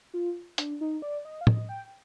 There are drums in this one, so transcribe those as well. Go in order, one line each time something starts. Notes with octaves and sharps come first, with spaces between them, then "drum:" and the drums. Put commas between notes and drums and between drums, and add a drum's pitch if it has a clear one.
F4
D4, drum: hi-hat
D#4
D5
D#5
F5
D#5, drum: tom
G5